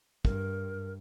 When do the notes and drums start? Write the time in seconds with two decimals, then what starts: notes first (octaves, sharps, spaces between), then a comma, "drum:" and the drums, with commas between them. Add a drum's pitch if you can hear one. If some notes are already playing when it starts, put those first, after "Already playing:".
0.25 G2 A#4, drum: kick